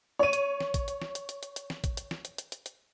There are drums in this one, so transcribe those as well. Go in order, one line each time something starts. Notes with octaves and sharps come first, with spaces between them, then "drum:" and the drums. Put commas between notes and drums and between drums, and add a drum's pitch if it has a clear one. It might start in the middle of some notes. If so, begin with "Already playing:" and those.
C#5 D#7
drum: hi-hat
drum: snare
drum: kick A1, hi-hat
drum: hi-hat
drum: snare
drum: hi-hat
drum: hi-hat
drum: hi-hat
drum: hi-hat
drum: snare
drum: kick A1, hi-hat
drum: hi-hat
drum: snare
drum: hi-hat
drum: hi-hat
drum: hi-hat
drum: hi-hat